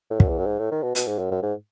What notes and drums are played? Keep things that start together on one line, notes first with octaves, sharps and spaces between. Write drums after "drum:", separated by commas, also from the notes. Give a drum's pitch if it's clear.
A2
F#2, drum: kick
E2
F#2
G#2
A2
D#3
B2
B2, drum: hi-hat
G#2
F#2
F#2
G#2